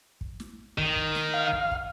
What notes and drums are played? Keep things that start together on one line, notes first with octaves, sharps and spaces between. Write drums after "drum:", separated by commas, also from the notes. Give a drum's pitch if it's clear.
drum: kick
drum: snare
D#3, drum: kick
drum: kick
drum: snare
F5
drum: kick
drum: kick